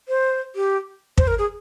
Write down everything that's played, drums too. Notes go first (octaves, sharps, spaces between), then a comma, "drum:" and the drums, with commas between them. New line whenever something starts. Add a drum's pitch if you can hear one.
C5
G4
C5, drum: kick
A#4
G#4